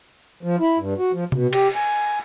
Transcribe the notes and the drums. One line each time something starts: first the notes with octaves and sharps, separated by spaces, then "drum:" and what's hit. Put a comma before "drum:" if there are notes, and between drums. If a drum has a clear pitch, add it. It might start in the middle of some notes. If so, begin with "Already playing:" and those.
F3
E4
G2
F#4
F3
B2, drum: tom C3
G4, drum: cymbal
G#5